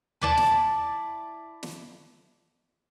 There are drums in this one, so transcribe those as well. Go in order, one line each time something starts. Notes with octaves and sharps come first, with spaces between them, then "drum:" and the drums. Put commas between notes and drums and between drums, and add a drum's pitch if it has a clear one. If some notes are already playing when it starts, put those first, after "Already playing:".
E4 D5 A5, drum: tom
drum: snare
drum: snare